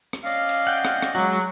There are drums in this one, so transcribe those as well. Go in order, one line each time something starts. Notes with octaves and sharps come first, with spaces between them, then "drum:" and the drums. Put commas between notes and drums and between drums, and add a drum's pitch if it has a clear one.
drum: rim click
C#4 D5 D#5 F5
drum: cymbal
F#5 G5
drum: rim click
drum: rim click
F#3 G#3 F#4